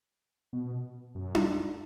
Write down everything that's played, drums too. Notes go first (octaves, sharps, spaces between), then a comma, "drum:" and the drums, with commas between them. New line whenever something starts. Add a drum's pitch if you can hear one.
B2
F#2
drum: tom D4